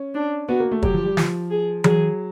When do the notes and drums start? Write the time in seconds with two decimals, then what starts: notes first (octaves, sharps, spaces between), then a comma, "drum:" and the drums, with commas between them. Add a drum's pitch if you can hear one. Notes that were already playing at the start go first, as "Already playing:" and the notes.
Already playing: C#4
0.15 D4
0.48 B3 F#4
0.60 A#3
0.71 A3
0.82 F#3 G4, drum: kick
0.94 F3
1.05 G3
1.17 F3, drum: snare
1.51 G#4
1.84 F#3 G#4, drum: tom E3